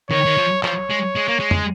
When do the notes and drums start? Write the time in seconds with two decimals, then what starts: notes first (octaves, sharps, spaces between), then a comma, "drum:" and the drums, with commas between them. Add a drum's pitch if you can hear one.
0.11 D#3 C#5, drum: tom D3
0.26 D#3
0.37 F3
0.63 F3 C#5, drum: clap
0.90 G#3
1.15 G#3
1.28 A#3
1.40 G#3
1.51 drum: tom